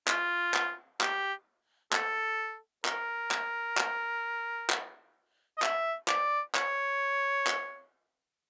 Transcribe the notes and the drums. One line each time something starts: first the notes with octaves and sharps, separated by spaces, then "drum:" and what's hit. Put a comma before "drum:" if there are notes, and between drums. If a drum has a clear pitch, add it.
F4, drum: clap
drum: clap
G4, drum: clap
A4, drum: clap
A#4, drum: clap
drum: clap
drum: clap
drum: clap
D#5
E5, drum: clap
D5, drum: clap
C#5, drum: clap
drum: clap